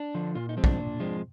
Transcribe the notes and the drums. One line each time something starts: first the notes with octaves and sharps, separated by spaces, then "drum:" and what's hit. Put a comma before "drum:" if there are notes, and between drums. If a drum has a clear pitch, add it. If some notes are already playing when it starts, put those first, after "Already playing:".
Already playing: D4
D3 F3
A#2 F4
D#4
F3 G#3 C4
D4, drum: kick
A#2
F3 G#3 C4